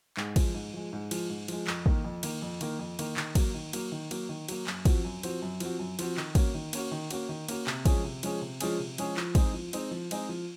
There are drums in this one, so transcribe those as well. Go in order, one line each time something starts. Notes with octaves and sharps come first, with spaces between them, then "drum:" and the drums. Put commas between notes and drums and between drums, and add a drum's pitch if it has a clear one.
G#2, drum: clap
F3 G#3, drum: kick, cymbal
G#2
F3 G#3
G#2
F3 G#3, drum: cymbal
G#2
F3 G#3, drum: cymbal
F2, drum: clap
D#3 A#3, drum: kick
F2
D#3 A#3, drum: cymbal
F2
D#3 A#3, drum: cymbal
F2
D#3 A#3, drum: cymbal
D#3, drum: clap
F#3 A#3, drum: kick, cymbal
D#3
F#3 A#3, drum: cymbal
D#3
F#3 A#3, drum: cymbal
D#3
F#3 A#3, drum: cymbal
F#2, drum: clap
F3 C4 F#4, drum: kick, cymbal
F#2
F3 C4 F#4, drum: cymbal
F#2
F3 C4 F#4, drum: cymbal
F#2
F3 C4 F#4, drum: cymbal
D#3, drum: clap
A#3 C#4 F#4, drum: kick, cymbal
D#3
A#3 C#4 F#4, drum: cymbal
D#3
A#3 C#4 F#4, drum: cymbal
D#3
A#3 C#4 F#4, drum: cymbal
C3, drum: clap
F3 G#3 C#4 G#4, drum: kick, cymbal
C3
F3 G#3 C#4 G#4, drum: cymbal
C3
F3 G#3 C#4 G#4, drum: cymbal
C3
F3 G#3 C#4 G#4, drum: cymbal
F3, drum: clap
G#3 C4 D#4 G#4, drum: kick, cymbal
F3
G#3 C4 D#4 G#4, drum: cymbal
F3
G#3 C4 D#4 G#4, drum: cymbal
F3